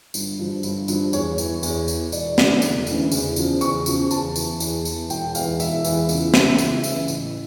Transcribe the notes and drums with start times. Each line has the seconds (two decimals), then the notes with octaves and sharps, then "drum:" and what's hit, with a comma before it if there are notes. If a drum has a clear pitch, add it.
0.14 G1, drum: tambourine
0.39 G2 F3
0.63 G1, drum: tambourine
0.88 G2 F3, drum: tambourine
1.13 E2 C#5, drum: tambourine
1.38 E3, drum: tambourine
1.63 E2, drum: tambourine
1.88 E3, drum: tambourine
2.12 E1 D5, drum: tambourine
2.38 D2 C#3 E3, drum: snare
2.62 E1, drum: tambourine
2.87 D2 C#3 E3, drum: tambourine
3.12 E2, drum: tambourine
3.36 C#3 F3, drum: tambourine
3.61 E2 C#6, drum: tambourine
3.86 C#3 F3, drum: tambourine
4.11 E2 A5, drum: tambourine
4.36 E3, drum: tambourine
4.60 E2, drum: tambourine
4.85 E3, drum: tambourine
5.10 E1 G5, drum: tambourine
5.35 E2 E3 F5, drum: tambourine
5.60 E1 E5, drum: tambourine
5.85 E2 E3, drum: tambourine
6.09 C#2, drum: tambourine
6.34 C#3 E3, drum: snare
6.58 C#2 E5, drum: tambourine
6.84 C#3 E3, drum: tambourine
7.08 A1, drum: tambourine